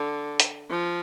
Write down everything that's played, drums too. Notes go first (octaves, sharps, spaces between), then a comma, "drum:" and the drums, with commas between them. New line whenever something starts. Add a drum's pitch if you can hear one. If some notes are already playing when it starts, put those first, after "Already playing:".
Already playing: D3
drum: hi-hat
F3